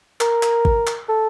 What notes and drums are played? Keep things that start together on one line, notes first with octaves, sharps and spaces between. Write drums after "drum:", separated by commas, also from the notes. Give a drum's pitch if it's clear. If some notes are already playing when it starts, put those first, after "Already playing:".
A#4, drum: clap
drum: clap
drum: kick G#1
drum: clap
A4